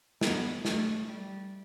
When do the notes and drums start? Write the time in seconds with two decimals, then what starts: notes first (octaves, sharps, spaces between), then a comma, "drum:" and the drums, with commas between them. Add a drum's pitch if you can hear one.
0.21 B3, drum: snare
0.65 A3, drum: snare
1.07 G3